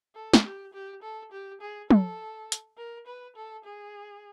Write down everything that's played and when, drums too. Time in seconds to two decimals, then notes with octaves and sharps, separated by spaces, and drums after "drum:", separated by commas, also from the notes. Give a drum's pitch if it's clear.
0.15 A4
0.34 drum: snare
0.45 G4
0.73 G4
1.02 A4
1.32 G4
1.61 G#4
1.90 A4, drum: tom
2.52 drum: hi-hat
2.77 A#4
3.07 B4
3.36 A4
3.65 G#4